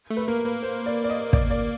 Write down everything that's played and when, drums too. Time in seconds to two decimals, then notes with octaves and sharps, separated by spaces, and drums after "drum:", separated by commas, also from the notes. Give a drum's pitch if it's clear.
0.10 A3
0.17 B4
0.28 A#3 A#4
0.45 A#3 B4
0.63 C5
0.86 D5
1.04 D5
1.10 D#5
1.33 D5, drum: kick
1.51 D5